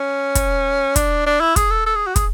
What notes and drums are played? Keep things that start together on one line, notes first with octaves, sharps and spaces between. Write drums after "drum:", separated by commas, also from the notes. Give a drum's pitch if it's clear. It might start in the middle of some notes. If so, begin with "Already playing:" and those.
Already playing: C#4
drum: kick, hi-hat
D4, drum: kick, hi-hat
D4
E4
G#4, drum: kick, hi-hat
A4
A4
G#4
F#4
G#4, drum: kick, hi-hat